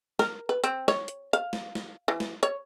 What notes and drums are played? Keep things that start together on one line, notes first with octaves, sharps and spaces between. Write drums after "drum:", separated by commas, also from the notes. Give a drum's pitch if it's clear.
A#4, drum: snare
B4
C4, drum: hi-hat
C#5, drum: snare
drum: hi-hat
F5, drum: hi-hat
drum: snare
drum: snare
E3
drum: snare
C#5, drum: hi-hat